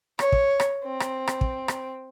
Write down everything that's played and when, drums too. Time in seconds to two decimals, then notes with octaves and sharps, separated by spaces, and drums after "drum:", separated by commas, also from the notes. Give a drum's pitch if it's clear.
0.19 C#5, drum: rim click
0.32 drum: kick
0.60 drum: rim click
0.85 C4
1.00 drum: rim click
1.27 drum: rim click
1.41 drum: kick
1.68 drum: rim click